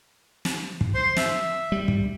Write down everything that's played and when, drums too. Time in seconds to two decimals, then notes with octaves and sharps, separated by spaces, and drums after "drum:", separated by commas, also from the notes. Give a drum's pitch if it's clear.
0.45 drum: snare
0.81 drum: kick
0.94 C5 C6
1.17 E5, drum: snare
1.72 G3
1.88 drum: kick